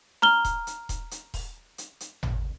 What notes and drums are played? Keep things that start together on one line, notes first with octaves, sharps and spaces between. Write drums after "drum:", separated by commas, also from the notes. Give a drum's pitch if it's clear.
A#5 F6 G7, drum: snare D4
drum: kick D#1, hi-hat
drum: hi-hat
drum: kick D#1, hi-hat
drum: hi-hat
drum: kick D#1, open hi-hat
drum: hi-hat
drum: hi-hat
drum: tom G#1